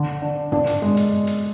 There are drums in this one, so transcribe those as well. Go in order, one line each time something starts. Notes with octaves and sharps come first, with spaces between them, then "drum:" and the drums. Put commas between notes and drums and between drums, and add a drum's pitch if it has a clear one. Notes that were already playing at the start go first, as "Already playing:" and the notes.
Already playing: D3
D4
D4, drum: tom
drum: hi-hat
G#3
drum: hi-hat
drum: hi-hat